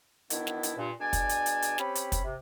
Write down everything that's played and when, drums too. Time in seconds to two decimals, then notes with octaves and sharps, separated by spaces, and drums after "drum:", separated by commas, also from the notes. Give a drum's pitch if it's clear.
0.30 D#3 E3 F#3 B3 D4 E4, drum: hi-hat
0.47 drum: snare
0.63 drum: hi-hat
0.77 G2 A#2
1.00 B2 D4 G#4 D5 G#5
1.13 drum: kick, hi-hat
1.29 drum: hi-hat
1.46 drum: hi-hat
1.62 drum: hi-hat
1.78 C4 C#4 G4 B5, drum: snare
1.95 drum: hi-hat
2.12 drum: kick, hi-hat
2.24 C3